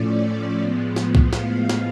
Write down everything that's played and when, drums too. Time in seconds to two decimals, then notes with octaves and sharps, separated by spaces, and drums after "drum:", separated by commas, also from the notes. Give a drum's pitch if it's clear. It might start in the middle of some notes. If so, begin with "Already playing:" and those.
Already playing: A2 F3 A3 C#4 D5
0.60 A2 F3 G#3 B3
0.96 drum: snare
1.15 drum: kick B1
1.33 F5, drum: snare
1.69 drum: snare